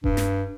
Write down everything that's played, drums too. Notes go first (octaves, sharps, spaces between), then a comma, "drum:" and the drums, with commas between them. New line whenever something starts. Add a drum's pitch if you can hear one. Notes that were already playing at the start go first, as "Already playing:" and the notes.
G2, drum: kick D#1
drum: snare